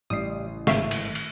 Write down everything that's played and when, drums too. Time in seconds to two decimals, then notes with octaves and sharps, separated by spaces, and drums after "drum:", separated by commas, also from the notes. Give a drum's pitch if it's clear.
0.10 A1 C#3 G3 D#6 C7
0.67 G#1 A2 E5 F5 C#6, drum: snare
0.91 drum: cymbal
1.15 drum: cymbal